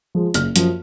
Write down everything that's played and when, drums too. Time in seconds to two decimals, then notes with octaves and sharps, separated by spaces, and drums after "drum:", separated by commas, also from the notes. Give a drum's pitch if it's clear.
0.15 F3 G#3
0.34 F#1 F6, drum: hi-hat
0.56 F#2 F3, drum: hi-hat